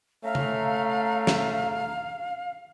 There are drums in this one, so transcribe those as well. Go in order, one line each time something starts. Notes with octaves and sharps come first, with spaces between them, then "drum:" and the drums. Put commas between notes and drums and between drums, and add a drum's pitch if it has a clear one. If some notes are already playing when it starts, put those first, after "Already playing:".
A3 C#4 E5 F5 A#5
drum: tom C#3
drum: snare